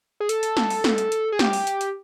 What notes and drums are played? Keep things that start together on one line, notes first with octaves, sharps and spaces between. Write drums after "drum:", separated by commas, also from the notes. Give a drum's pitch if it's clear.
G#4
A4, drum: hi-hat
drum: hi-hat
drum: snare
drum: open hi-hat
drum: snare
drum: hi-hat
drum: hi-hat
G#4
G4, drum: snare
drum: open hi-hat
drum: hi-hat
drum: hi-hat